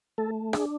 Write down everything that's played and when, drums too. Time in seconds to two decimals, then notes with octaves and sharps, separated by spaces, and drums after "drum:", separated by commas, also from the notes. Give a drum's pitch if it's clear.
0.18 A3 A4
0.53 D4 G#4, drum: rim click